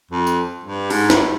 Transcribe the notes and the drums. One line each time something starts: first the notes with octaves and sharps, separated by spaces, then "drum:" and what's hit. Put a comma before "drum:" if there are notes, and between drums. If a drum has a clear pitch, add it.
F2
drum: tambourine
G2
G#2, drum: open hi-hat
G2, drum: snare